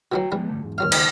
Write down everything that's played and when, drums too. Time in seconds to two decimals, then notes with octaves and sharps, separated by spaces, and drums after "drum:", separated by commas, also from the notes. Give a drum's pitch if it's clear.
0.12 B2 E3 F#3 F#4 G5 A#5
0.32 E3 F3 G3 G#3 B3
0.49 G2 D3 A3
0.62 E2 G#2
0.78 D#2 F#3 F5 F6
0.92 C#2 D#3 D#4, drum: cymbal